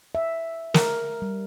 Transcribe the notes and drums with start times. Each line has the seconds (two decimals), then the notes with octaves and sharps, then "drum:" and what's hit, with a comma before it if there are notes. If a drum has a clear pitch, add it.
0.15 E5
0.74 A#4, drum: snare
1.22 G3